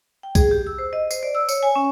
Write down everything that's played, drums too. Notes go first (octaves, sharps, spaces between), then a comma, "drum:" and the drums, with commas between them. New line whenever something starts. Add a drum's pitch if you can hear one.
G5
G#4, drum: kick B1, tambourine
G4
E6
C5
D#5
C5, drum: tambourine
D5
E6
C#5, drum: tambourine
G#5
C#4